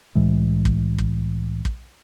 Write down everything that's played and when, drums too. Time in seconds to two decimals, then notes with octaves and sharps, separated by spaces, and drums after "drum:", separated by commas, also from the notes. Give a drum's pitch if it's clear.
0.15 C2 A2 E3 G#3
0.65 drum: kick
0.98 drum: kick
1.65 drum: kick